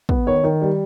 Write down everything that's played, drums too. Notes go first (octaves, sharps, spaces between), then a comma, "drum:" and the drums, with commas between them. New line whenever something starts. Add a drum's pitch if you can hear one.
B3, drum: kick
D#3 C#5
D#3
G3